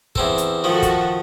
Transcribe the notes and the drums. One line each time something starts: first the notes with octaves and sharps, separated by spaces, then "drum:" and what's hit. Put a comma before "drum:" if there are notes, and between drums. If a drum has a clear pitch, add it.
E2 C4 A4, drum: kick
drum: hi-hat
D#3 F3 F#4 A4
drum: kick, hi-hat